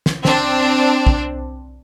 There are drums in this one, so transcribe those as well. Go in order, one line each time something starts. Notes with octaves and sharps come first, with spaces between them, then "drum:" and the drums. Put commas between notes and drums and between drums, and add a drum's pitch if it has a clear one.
drum: snare
C4 D4, drum: snare
drum: kick